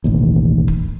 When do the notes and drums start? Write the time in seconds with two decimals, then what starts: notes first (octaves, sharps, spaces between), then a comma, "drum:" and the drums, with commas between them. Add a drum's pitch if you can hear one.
0.04 E1 A1 D#2
0.68 drum: kick